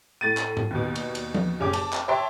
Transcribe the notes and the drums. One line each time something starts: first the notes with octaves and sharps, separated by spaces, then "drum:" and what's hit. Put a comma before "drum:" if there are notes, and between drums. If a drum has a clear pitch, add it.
A2 A6 D#7
drum: clap
drum: tom G#2
D#2 B2
drum: cymbal
drum: cymbal
drum: tom F3
F#1 C#4 G4 D6
A5, drum: cymbal
drum: clap
C#5 E5 G5 A5 C6